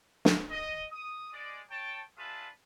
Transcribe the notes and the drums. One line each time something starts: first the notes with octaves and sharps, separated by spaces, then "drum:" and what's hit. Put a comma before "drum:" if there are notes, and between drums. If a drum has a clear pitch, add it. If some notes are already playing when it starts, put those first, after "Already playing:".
drum: snare
D#5
D#6
G#3 D5
C#5 G5 A5
D4 F4 G#4 B4 E5 A5